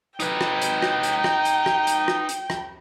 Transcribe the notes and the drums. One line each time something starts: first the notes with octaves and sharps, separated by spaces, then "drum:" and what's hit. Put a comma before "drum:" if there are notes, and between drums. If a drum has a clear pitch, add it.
D#4 B4 G5, drum: hi-hat
drum: rim click
drum: hi-hat
drum: rim click
drum: hi-hat
drum: rim click
drum: hi-hat
drum: rim click
drum: hi-hat
drum: rim click
drum: hi-hat
drum: rim click